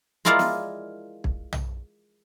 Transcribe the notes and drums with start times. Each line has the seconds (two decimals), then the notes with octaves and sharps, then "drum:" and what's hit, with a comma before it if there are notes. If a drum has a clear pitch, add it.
0.25 G#3 E4 F4 A#4 D5 F5
0.39 drum: snare
1.24 drum: kick
1.53 drum: tom